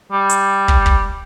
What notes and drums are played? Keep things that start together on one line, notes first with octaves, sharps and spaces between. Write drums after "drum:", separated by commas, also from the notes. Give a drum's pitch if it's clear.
G3
drum: hi-hat
drum: kick
drum: kick